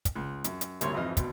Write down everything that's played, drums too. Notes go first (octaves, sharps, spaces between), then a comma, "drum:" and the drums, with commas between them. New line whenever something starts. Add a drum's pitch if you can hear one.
drum: kick, hi-hat
C#2
F#2, drum: hi-hat
drum: hi-hat
G#1 D2 G3 A#3 C#5 C6, drum: hi-hat
G#1 F2 E3 C5 D#5 F6
D2 B2, drum: kick, hi-hat